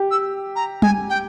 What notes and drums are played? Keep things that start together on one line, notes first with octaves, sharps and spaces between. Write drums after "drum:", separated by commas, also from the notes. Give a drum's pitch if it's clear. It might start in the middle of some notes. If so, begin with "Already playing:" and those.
Already playing: G4
E6
A#5
G#5, drum: tom
G5